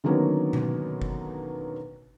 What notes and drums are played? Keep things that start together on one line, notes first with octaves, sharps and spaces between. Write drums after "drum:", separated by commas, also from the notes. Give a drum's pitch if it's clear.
D3 D#3 F#3 A#3 B3 C#4
drum: tom B2
drum: kick